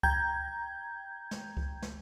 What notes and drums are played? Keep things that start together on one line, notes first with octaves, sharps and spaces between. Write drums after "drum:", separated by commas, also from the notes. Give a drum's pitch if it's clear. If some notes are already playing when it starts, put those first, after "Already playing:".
G5 A#5 G6 G#6, drum: kick C#2
drum: snare
drum: kick C#2
drum: snare